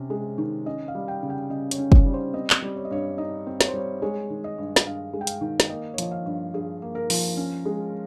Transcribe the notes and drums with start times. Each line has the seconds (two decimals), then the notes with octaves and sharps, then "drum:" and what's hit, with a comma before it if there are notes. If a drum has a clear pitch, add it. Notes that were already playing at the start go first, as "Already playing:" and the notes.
Already playing: C3 C#4
0.10 G#3
0.38 D#3
0.66 C#4 D#5
0.88 F5
0.95 G3
1.08 G5
1.23 C#3
1.30 G5
1.50 C#3 D#5
1.71 C#5, drum: hi-hat
1.78 C#4
1.92 C#5, drum: kick
2.06 G3
2.14 C5
2.34 C4 D#5
2.50 drum: clap
2.62 G3
2.76 C#5
2.85 D#5
2.91 G2 C#5
3.18 D#4 D#5
3.47 C4
3.61 C#5, drum: snare
3.68 C5
3.74 G3 C#5
4.02 G#3 C#5
4.30 D#3
4.44 D#5
4.58 G2
4.76 drum: snare
4.86 G2 F5
5.14 G#3
5.21 G5
5.27 F5, drum: hi-hat
5.41 D#3
5.60 drum: snare
5.70 A#3 D#5
5.94 C#5
5.98 F3 D#5, drum: hi-hat
6.11 F5
6.26 G2
6.54 G2 G#4
6.82 A#3
6.95 A#4
7.10 F3, drum: open hi-hat
7.37 C#4
7.66 G#3